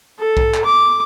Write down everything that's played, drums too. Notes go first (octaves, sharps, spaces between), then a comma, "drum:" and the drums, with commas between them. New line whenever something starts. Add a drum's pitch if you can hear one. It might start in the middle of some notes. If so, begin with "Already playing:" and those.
A4
drum: kick B1
drum: clap
D6